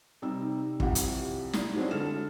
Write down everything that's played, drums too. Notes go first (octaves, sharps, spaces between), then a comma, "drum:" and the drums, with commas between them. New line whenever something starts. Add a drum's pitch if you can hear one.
C3 G3 D#4 E6
C2 F3 E4 G4 F#5, drum: kick
drum: hi-hat
D#4 E4 D5, drum: snare
F#3 G#3 C4 D4 E4
D3 A4 F6 E7